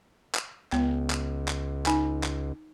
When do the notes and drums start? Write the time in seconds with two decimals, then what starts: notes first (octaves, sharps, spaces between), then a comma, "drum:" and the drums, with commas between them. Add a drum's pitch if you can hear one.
0.35 drum: clap
0.73 C#2 B3, drum: clap
1.10 drum: clap
1.48 drum: clap
1.86 D#4 G#5, drum: clap
2.24 drum: clap